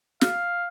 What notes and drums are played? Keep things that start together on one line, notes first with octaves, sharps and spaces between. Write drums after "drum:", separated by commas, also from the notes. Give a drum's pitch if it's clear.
F5, drum: snare